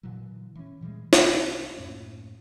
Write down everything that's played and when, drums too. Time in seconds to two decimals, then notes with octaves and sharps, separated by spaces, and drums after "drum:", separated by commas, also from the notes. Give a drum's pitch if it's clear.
0.03 A#2 D3 E3 F#3
0.56 E3 C#4
0.81 A#2 E3 G3 G#3
1.13 C2, drum: snare
1.77 F#2 A2 A#3 C#4